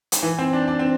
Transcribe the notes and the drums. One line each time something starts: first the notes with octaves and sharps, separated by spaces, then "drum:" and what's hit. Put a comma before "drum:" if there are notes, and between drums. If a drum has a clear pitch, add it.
drum: hi-hat
E3
C4
D4
D4
C4